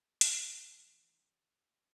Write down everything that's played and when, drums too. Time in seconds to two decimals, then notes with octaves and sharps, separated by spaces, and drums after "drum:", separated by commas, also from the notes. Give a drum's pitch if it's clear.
0.21 C3 E3 F3 A3 C4, drum: hi-hat